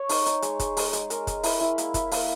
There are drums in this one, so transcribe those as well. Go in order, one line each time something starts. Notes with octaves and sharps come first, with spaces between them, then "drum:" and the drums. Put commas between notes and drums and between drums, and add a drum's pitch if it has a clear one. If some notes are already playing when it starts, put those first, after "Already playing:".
Already playing: C#5
D#4, drum: open hi-hat
D#4, drum: hi-hat
G#3, drum: hi-hat
G#3, drum: kick, hi-hat
G#3, drum: open hi-hat
G#3, drum: hi-hat
A#4, drum: hi-hat
D#5, drum: kick, hi-hat
E4, drum: open hi-hat
E4
A#3, drum: hi-hat
E4, drum: kick, hi-hat
A#3, drum: open hi-hat